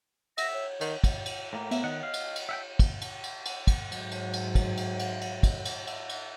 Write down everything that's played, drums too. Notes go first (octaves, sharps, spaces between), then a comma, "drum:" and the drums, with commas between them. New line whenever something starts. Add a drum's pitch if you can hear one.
E5 A#6, drum: cymbal
C#5
D#3, drum: cymbal
drum: kick, cymbal
drum: cymbal
A2 A#3
B3 E5 E7, drum: cymbal
D#3 D#5 F#5
F5
drum: cymbal
drum: cymbal
E5 F#5 G5
drum: kick, cymbal
drum: cymbal
drum: cymbal
drum: cymbal
drum: kick, cymbal
G#2 F#3, drum: cymbal
drum: cymbal
drum: cymbal
drum: kick, cymbal
drum: cymbal
drum: cymbal
drum: cymbal
drum: kick, cymbal
drum: cymbal
drum: cymbal
drum: cymbal